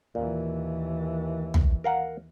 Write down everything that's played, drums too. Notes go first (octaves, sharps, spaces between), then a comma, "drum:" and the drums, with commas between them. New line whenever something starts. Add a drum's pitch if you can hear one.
D#2 A#2 E3
drum: tom
A#4 F5 F#5